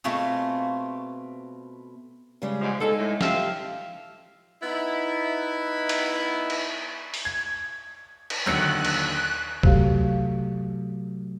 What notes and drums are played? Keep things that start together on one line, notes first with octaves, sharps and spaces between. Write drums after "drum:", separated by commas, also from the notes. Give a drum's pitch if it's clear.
B2 A3 C4 F4 G#4
C#3 G3 G#3
G#2 F3
G#3 D#4 G#4 A4
A2
F3 G4 E5 F5, drum: snare
B3 D#4 E4
drum: cymbal
drum: cymbal
drum: open hi-hat
G#6
drum: cymbal
A#1 D#2 D3 D#3 F#3 F#6 C#7
drum: cymbal
C3 F#3 A3 G4 F5, drum: kick B1